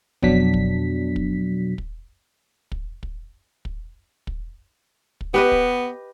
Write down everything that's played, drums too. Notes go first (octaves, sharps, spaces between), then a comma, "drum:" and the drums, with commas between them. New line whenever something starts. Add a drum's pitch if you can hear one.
F2 B2 F#3 D4 B6, drum: kick
drum: kick
drum: kick
drum: kick
drum: kick
drum: kick
drum: kick
drum: kick
drum: kick
B3 G4 B4 D#5
drum: kick